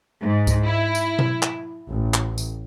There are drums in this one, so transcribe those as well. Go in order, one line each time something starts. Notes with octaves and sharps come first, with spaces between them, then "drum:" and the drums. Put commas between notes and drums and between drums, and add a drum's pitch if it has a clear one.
G#2
drum: kick C#2, tambourine
E4
drum: tambourine
drum: tom B2
drum: clap
A1
drum: clap
drum: tambourine